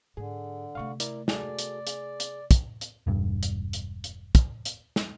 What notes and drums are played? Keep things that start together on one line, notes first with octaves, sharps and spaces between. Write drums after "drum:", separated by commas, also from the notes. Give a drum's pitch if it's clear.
G#2 D3 G#4
C3 A3 F5 C#6
E4 A#4 D5, drum: hi-hat
F#4 G#4 A4 D5, drum: snare
drum: hi-hat
G#4, drum: hi-hat
drum: hi-hat
drum: kick, hi-hat
drum: hi-hat
E1 G2
drum: hi-hat
drum: hi-hat
drum: hi-hat
drum: kick, hi-hat
drum: hi-hat
drum: snare